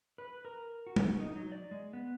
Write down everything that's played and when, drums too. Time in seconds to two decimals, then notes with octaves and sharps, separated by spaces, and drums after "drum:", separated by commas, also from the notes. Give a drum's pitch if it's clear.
0.18 B4
0.45 A#4
0.87 F#4
0.96 drum: tom
1.20 D#4
1.36 F#3
1.52 D5
1.71 G#3
1.93 B3